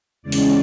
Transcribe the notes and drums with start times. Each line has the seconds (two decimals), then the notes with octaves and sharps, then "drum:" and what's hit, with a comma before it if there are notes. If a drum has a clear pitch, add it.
0.23 E2 C#3 G#3 C#4 D5
0.32 drum: open hi-hat